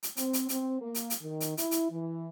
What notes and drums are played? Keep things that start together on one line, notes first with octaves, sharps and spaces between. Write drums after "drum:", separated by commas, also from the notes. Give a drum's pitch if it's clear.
drum: hi-hat
C4, drum: hi-hat
drum: hi-hat
C4, drum: hi-hat
A#3
drum: hi-hat
drum: hi-hat
D#3
drum: hi-hat
E4, drum: hi-hat
drum: hi-hat
E3